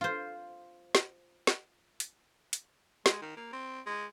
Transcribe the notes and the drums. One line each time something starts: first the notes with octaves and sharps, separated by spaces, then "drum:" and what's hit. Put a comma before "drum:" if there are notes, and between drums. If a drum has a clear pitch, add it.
F4 C5
drum: snare
drum: snare
drum: hi-hat
drum: hi-hat
G#3, drum: snare
D#3
A#3
C4
G#3